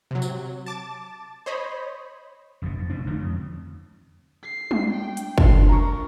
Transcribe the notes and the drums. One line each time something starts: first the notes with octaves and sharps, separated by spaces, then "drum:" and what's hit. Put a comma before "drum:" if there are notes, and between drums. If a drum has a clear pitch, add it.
C3 F#3
drum: tambourine
A5 D6 A6
C5 C#5 D#5 B5
F#1 B1 G2 B2
F2
F#1 B1 B2 D4
B1 D3 G#3 A3
F2
C7
drum: tom G3
D4 G5
drum: hi-hat
G2 D3 F3 D4 C6, drum: kick
D4 A#4 A#5 C#6